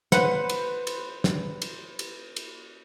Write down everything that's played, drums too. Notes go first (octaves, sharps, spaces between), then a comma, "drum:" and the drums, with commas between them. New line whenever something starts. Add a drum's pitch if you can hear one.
B4 C5 F#5, drum: snare
drum: cymbal
drum: cymbal
drum: snare
drum: cymbal
drum: cymbal
drum: cymbal